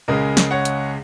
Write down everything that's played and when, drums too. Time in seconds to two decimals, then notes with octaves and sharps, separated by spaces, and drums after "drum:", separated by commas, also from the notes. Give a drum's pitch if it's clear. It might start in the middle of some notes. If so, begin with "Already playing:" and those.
0.08 C#2 C#3 G#3 A#4 D#5
0.37 drum: snare
0.51 C#5 F#5
0.65 drum: hi-hat